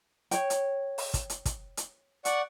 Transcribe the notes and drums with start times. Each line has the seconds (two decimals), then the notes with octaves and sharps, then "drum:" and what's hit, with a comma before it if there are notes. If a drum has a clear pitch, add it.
0.31 C#5 G5, drum: hi-hat
0.50 drum: hi-hat
0.98 drum: open hi-hat
1.14 drum: kick, hi-hat
1.30 drum: hi-hat
1.45 drum: kick, hi-hat
1.77 drum: hi-hat
2.25 D5 F#5 C#6, drum: hi-hat